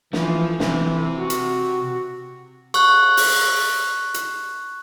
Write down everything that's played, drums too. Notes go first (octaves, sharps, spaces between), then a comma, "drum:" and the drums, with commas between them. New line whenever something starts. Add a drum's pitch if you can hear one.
E3 F3, drum: snare
C3 E3, drum: snare
F#4
drum: hi-hat
C#6 F#6, drum: cymbal
drum: open hi-hat
drum: hi-hat